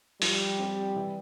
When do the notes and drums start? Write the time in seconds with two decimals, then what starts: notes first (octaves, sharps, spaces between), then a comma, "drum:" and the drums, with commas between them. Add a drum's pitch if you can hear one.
0.22 F3 G3, drum: open hi-hat
0.59 C4 G4
0.96 E3